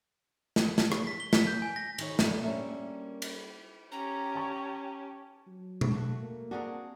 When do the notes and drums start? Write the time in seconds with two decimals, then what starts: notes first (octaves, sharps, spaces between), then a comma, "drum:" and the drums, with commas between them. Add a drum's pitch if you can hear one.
0.56 drum: snare
0.78 drum: snare
0.92 drum: rim click
1.07 B6
1.20 G7
1.33 B6, drum: snare
1.47 G6
1.62 G#5
1.76 A#6
1.98 D#3 C#5, drum: cymbal
2.19 A#2 A3 E4 D5 E5, drum: snare
2.43 G3 A#3 C#4 D4 A#4 E5
3.22 drum: cymbal
3.92 C#4 G4 A#5
4.34 G5 A5 C#6
5.47 F#3
5.81 drum: tom B2
5.91 A3 F#4
6.21 A#3
6.51 C4 D4 F#4 G#4 A#4